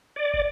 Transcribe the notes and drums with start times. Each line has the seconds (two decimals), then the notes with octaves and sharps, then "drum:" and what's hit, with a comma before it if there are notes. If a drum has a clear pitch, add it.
0.16 D5
0.34 drum: kick